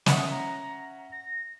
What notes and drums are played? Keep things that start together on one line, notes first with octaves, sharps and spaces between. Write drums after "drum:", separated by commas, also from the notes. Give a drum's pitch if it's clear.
C#4 E5 F#5 D#6, drum: snare
A#5
A#6